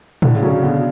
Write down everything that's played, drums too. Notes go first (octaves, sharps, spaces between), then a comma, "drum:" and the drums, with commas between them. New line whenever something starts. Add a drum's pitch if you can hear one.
A2 D3, drum: tom
C#3
D3 F#3 C#4
C#3
B2 D3